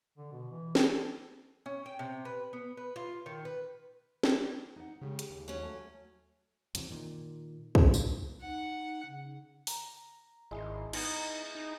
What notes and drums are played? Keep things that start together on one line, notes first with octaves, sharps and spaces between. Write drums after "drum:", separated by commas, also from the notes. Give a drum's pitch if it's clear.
D3
B2
E3
G#4, drum: snare
A4
C#4
G5
C3
B4
B3
B4
F4
D#3
B4
drum: snare
D#4 F#5
C#3 G#3 G4
drum: hi-hat
D#2
F#3 C#4
A3
F#2 C3 E3, drum: hi-hat
A#2 D#3
drum: kick
drum: tambourine
D#4 F#5
C#3
A#5, drum: open hi-hat
G#1 G#3 E4 C6
G#3 B3 D#4, drum: cymbal
D#4